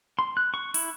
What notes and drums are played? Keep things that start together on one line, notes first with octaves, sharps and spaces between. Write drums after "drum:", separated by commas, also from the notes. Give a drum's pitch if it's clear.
C6
F#6
C#6
E4, drum: open hi-hat